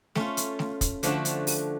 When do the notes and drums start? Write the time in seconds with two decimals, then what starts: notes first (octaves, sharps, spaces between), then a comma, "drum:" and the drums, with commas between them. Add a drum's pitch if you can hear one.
0.15 A3 C#4 F4, drum: snare A3
0.37 drum: hi-hat
0.59 drum: snare A3
0.81 drum: kick, hi-hat
1.03 D3 F3 A3 D4 F#4, drum: hi-hat
1.25 drum: hi-hat
1.47 drum: open hi-hat